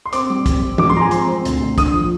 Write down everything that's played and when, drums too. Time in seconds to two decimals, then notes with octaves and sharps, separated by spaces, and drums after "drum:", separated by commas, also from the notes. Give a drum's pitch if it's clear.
0.06 C6
0.13 C4 D6, drum: hi-hat
0.30 G3
0.46 C4, drum: kick, hi-hat
0.62 C4
0.78 G#2 D6, drum: tom E3
0.90 C6
0.95 F3 A#5
1.01 G#5
1.11 C4 C6, drum: hi-hat
1.28 C4
1.45 D2, drum: hi-hat
1.61 D2
1.78 D3 D#6, drum: kick, hi-hat
1.94 F3